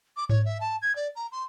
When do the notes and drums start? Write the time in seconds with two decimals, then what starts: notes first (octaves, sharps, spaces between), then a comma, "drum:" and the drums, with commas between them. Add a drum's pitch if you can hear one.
0.17 D6
0.29 C#5, drum: tom G#2
0.45 E5
0.61 A5
0.82 G#6
0.96 D5
1.16 A#5
1.32 C6